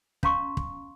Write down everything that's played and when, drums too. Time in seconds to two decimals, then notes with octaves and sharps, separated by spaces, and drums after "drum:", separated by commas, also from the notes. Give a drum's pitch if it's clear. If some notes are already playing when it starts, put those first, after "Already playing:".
0.23 C#4 F5 A#5 C6 C#6, drum: kick
0.57 drum: kick